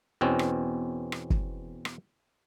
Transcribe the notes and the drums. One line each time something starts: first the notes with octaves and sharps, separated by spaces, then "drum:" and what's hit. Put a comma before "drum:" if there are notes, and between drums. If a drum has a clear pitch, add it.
E2 B2 C4 C#4
drum: rim click
drum: rim click
drum: kick
drum: rim click